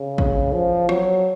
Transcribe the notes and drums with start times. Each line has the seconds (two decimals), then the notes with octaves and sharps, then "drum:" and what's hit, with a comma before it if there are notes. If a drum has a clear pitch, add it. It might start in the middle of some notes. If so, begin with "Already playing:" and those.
Already playing: C#3
0.18 drum: kick
0.54 F3
0.89 F#3, drum: rim click